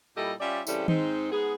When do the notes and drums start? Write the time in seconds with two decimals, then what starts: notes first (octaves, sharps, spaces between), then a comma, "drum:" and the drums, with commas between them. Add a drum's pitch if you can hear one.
0.17 A#2 G3 E4 G4 A4 D#5
0.40 G3 C#4 F4 G4 D5 E5
0.67 C#3 E3 G3 C4 E4 A4, drum: tambourine
0.88 G#2 C4 D#4, drum: tom D#3
1.31 G#2 B3 G#4